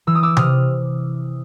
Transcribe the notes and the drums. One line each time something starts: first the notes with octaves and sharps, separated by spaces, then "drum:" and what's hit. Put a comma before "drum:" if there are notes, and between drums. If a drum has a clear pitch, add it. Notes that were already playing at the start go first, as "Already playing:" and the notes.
E3 E6
D#6
D6 E6
C3 D#6 F6, drum: tom C3